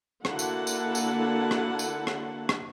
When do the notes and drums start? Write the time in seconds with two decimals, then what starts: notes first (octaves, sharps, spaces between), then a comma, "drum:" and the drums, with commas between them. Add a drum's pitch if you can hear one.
0.25 D3 A#3 E4 F#4 F#5 A5, drum: rim click
0.39 drum: tambourine
0.67 drum: tambourine
0.95 drum: tambourine
1.51 drum: rim click
1.79 drum: tambourine
2.07 drum: rim click
2.49 drum: rim click